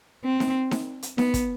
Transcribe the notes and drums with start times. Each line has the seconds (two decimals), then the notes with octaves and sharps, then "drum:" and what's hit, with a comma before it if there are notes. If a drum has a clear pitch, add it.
0.24 C4
0.40 drum: snare D#4
0.71 drum: snare D#4
1.03 drum: hi-hat
1.18 B3, drum: snare D#4
1.34 drum: kick, hi-hat